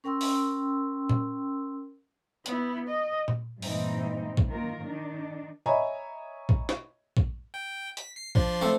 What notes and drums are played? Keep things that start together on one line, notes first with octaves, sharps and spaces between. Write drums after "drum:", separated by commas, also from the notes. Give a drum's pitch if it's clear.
C#4 A#4 G5 C6 E6
drum: open hi-hat
drum: tom
B3 E4, drum: hi-hat
D#5
drum: tom
G2 A#2 E3 G#3 C4 D#4, drum: open hi-hat
drum: kick A#1
D#3 A#3 F4 A#4
D#3 D4 D#4
C#5 D#5 E5 G#5 A#5 B5
drum: kick A#1
drum: snare
drum: kick A#1
G5
B6, drum: hi-hat
C7
F3 D4 C6, drum: kick A#1
A3 C4 E5